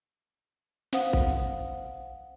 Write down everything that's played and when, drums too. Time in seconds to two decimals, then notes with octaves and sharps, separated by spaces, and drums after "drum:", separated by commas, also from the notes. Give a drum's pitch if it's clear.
0.93 C5 F5 F#5 D#6, drum: snare
1.13 drum: kick A1